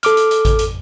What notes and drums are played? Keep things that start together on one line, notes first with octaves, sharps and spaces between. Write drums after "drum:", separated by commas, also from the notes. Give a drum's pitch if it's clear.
A4 D6 F6, drum: hi-hat
drum: hi-hat
drum: hi-hat
drum: kick A1, hi-hat
drum: hi-hat